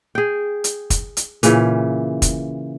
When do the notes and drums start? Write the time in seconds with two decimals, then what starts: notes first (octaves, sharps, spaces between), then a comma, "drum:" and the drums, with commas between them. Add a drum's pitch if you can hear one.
0.15 G#4 G5
0.64 drum: hi-hat
0.90 drum: kick, hi-hat
1.17 drum: hi-hat
1.43 A#2 C#3 E3, drum: hi-hat
2.22 drum: kick, hi-hat